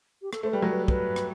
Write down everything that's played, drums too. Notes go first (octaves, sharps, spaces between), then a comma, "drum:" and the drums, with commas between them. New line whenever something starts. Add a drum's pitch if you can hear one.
G4
A4, drum: rim click
A3 C5
G3 B4
F#3 A3
B4
B4, drum: kick
drum: rim click